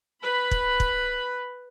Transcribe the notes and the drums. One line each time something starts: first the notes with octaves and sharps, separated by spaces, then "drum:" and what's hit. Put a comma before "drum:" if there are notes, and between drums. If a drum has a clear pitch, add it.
B4 B5
drum: kick
drum: kick